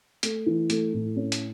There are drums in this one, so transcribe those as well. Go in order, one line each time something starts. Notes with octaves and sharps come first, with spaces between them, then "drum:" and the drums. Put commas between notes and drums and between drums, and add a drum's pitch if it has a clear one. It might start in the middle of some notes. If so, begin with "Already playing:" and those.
A3, drum: hi-hat
E3
A3, drum: hi-hat
A2
C#4
drum: hi-hat